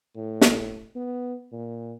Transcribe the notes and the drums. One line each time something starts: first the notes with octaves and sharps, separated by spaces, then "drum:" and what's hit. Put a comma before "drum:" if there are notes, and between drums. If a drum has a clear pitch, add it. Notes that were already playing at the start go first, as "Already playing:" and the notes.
A2
drum: snare
B3
A#2